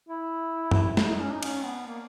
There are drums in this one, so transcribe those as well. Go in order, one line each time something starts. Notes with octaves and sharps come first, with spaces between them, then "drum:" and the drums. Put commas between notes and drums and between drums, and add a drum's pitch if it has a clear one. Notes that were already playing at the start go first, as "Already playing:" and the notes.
E4
drum: tom F#2
E4, drum: snare
D#4
C#4
D#4
C#4, drum: cymbal
B3
A#3